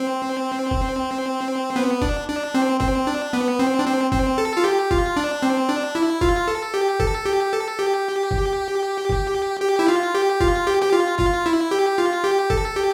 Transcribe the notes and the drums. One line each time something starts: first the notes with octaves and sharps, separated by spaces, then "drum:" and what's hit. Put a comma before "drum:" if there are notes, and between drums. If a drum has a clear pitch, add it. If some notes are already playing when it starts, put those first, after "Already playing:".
Already playing: C4
drum: kick
B3
D4, drum: kick
D4
C4
C4, drum: kick
D4
B3
C4
D4
C4
C4, drum: kick
A4
F4
G4
F4, drum: kick
D4
C4
D4
E4
F4, drum: kick
A4
G4
A4, drum: kick
G4
A4
G4
drum: kick
drum: kick
G4
E4
F4
G4
F4, drum: kick
G4
G4
F4
F4, drum: kick
E4
G4
F4
G4
A4, drum: kick
G4